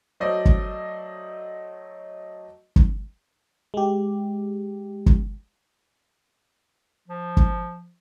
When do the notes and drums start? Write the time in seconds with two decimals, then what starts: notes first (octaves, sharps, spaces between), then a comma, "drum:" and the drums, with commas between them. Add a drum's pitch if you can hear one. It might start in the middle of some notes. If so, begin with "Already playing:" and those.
0.20 F#3 A3 C5 D5 D#5
0.46 drum: kick
2.76 drum: kick
3.74 G#3 G4
5.06 drum: kick
7.08 F3
7.37 drum: kick